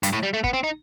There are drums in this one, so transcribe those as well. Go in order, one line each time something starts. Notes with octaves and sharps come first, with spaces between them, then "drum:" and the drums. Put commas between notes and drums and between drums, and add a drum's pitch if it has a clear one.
G2, drum: hi-hat
A2
G3
A3
B3, drum: kick
C4
D#4